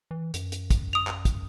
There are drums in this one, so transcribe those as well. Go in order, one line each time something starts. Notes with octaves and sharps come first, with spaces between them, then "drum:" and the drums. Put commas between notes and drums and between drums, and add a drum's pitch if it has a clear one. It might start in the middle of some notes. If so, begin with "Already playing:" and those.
E3
F#2, drum: hi-hat
drum: hi-hat
drum: kick, hi-hat
D#6 F7
drum: clap
drum: kick, hi-hat